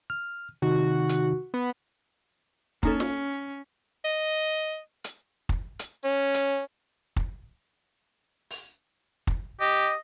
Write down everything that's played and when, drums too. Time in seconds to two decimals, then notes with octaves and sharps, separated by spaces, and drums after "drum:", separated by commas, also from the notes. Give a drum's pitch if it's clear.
0.10 F6
0.62 C3 D#3 D#4 F#4
1.09 drum: hi-hat
1.54 B3
2.83 A#3 C#4 D#4 A4, drum: kick
3.00 drum: snare
4.05 D#5
5.04 drum: hi-hat
5.49 drum: kick
5.79 drum: hi-hat
6.05 C#4
6.34 drum: hi-hat
7.16 drum: kick
8.50 drum: open hi-hat
9.27 drum: kick
9.60 G4 D#5